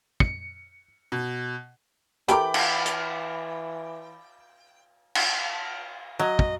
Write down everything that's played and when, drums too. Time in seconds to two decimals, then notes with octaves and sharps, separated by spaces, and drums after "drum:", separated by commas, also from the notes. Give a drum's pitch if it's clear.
0.20 C#7, drum: kick
1.12 B2
2.28 E3 G4 A4 A#4 G5 B5 D6, drum: hi-hat
2.54 drum: cymbal
2.86 drum: hi-hat
5.15 drum: cymbal
6.19 F#3 D#5
6.39 drum: kick